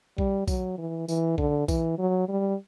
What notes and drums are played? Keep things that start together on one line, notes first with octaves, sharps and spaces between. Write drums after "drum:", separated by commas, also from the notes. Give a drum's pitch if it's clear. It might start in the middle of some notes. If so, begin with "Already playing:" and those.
G3, drum: kick B1
F#3, drum: kick B1, tambourine
E3
E3, drum: tambourine
D3, drum: kick B1
E3, drum: kick B1, tambourine
F#3
G3